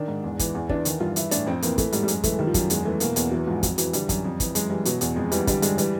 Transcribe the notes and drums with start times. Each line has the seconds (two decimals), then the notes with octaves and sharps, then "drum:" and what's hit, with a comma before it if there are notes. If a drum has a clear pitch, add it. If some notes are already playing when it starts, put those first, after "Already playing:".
Already playing: D#3 D4
0.08 G#2
0.24 E2
0.39 E3, drum: kick, hi-hat
0.55 E2
0.69 E3 D4, drum: kick
0.85 D#3, drum: hi-hat
1.00 G2 F4
1.16 E3 E4, drum: hi-hat
1.31 A2 D4, drum: hi-hat
1.46 F2 C4
1.62 E3 A#3, drum: hi-hat
1.78 E3 A3, drum: kick, hi-hat
1.92 G#2 G3, drum: hi-hat
2.04 G3
2.08 F#2 G#3, drum: hi-hat
2.24 E3 A3, drum: kick, hi-hat
2.39 D#3 G3
2.47 F3
2.54 F#2 F#3, drum: kick, hi-hat
2.70 E2 G#3, drum: hi-hat
2.85 E3 A3
3.00 B2 A#3, drum: hi-hat
3.16 E2 B3, drum: hi-hat
3.31 E3 F#3
3.47 G#2 F3
3.63 F2 F#3, drum: kick, hi-hat
3.78 E3 F#3, drum: hi-hat
3.93 D3 G3, drum: hi-hat
4.09 F#2, drum: kick, hi-hat
4.25 F2
4.40 E3, drum: kick, hi-hat
4.55 F#2 G#3, drum: hi-hat
4.70 E3 G3
4.85 B2 F#3, drum: hi-hat
5.01 E2 F#3, drum: hi-hat
5.16 F2 G#3
5.32 E3 G3, drum: hi-hat
5.47 D3 G3, drum: kick, hi-hat
5.62 G2 G#3, drum: hi-hat
5.78 E3 G3, drum: hi-hat